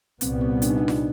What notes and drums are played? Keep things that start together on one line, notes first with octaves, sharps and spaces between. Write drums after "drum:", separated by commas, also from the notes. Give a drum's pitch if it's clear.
C2 A#2 G3 B3 C4, drum: hi-hat
C4
D4, drum: hi-hat
D#4
D4
drum: snare F4